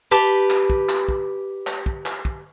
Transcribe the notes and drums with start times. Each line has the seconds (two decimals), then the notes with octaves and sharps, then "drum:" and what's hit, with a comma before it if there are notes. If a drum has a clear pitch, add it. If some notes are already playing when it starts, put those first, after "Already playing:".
0.11 G4 B4 A5
0.50 drum: clap
0.70 drum: kick
0.89 drum: clap
1.08 drum: kick
1.67 drum: clap
1.86 drum: kick
2.06 drum: clap
2.25 drum: kick